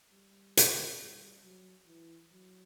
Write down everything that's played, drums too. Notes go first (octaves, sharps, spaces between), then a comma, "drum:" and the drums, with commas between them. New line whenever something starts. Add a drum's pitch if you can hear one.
G3
drum: hi-hat
G3
F#3
E3
F#3